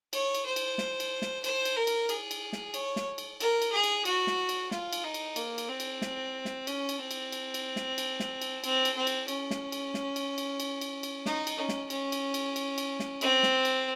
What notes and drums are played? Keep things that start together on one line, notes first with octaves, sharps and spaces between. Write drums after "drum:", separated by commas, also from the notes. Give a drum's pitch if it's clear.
C#5, drum: cymbal
drum: cymbal
C5
drum: cymbal
drum: snare
drum: cymbal
drum: snare
C5, drum: cymbal
drum: cymbal
A#4
drum: cymbal
G#4, drum: cymbal
drum: cymbal
drum: snare
C#5, drum: cymbal
drum: snare
drum: cymbal
A#4, drum: cymbal
drum: cymbal
G#4
drum: cymbal
F#4, drum: cymbal
drum: snare
drum: cymbal
F4, drum: snare
drum: cymbal
D#4
drum: cymbal
A#3, drum: cymbal
drum: cymbal
C4
drum: cymbal
drum: snare
drum: snare
C#4, drum: cymbal
drum: cymbal
C4
drum: cymbal
drum: cymbal
drum: cymbal
drum: snare
drum: cymbal
drum: snare
drum: cymbal
C4, drum: cymbal
drum: cymbal
C4
drum: cymbal
C#4, drum: cymbal
drum: snare
drum: cymbal
drum: snare
drum: cymbal
drum: cymbal
drum: cymbal
drum: cymbal
drum: cymbal
D#4, drum: snare
drum: cymbal
C#4
drum: snare
C#4, drum: cymbal
drum: cymbal
drum: cymbal
drum: cymbal
drum: cymbal
drum: snare
C4, drum: cymbal
drum: snare
drum: cymbal